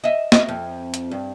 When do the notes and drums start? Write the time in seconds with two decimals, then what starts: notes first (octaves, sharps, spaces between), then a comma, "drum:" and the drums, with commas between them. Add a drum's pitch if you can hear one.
0.04 D#5 E5
0.32 D#5, drum: snare
0.49 F2
0.94 drum: hi-hat
1.11 G2